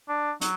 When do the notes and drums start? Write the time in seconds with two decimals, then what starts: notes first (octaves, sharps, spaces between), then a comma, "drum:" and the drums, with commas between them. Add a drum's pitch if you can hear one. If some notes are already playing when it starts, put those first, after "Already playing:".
0.09 D4
0.41 F#3, drum: hi-hat